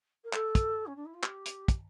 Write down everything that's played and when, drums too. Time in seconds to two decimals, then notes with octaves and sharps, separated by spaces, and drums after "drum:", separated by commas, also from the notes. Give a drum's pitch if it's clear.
0.24 A#4
0.33 A4, drum: clap
0.55 drum: kick, hi-hat
0.86 C#4
0.96 D4
1.05 E4
1.14 F4
1.23 G4, drum: clap
1.46 drum: hi-hat
1.68 drum: kick, hi-hat